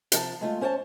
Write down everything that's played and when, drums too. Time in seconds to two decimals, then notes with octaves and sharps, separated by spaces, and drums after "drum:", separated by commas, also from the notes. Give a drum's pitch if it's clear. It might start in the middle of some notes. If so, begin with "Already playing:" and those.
0.12 C3 F3 F5 A5, drum: hi-hat
0.41 G#3 A3 F4
0.61 C#4 C5 C#5 G5 A5